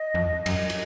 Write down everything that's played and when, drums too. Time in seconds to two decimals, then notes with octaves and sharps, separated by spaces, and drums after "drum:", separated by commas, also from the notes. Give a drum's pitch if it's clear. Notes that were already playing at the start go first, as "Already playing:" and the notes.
Already playing: D#5
0.14 F2
0.46 F#2, drum: cymbal
0.70 drum: cymbal